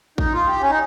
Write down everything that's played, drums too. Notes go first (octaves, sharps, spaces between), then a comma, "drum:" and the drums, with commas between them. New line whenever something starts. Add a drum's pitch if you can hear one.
D#4, drum: kick
F4
G4
C#4
D#4